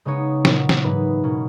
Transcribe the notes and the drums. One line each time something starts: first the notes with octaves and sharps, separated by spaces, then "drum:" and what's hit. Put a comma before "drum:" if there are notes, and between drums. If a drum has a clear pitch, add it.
C#3 G#3 B3 D#4 C#5
A#2 F#3 B3 D#4, drum: snare
drum: snare
G#2 E3 B3 D#4 B4
B2 A#3 C#4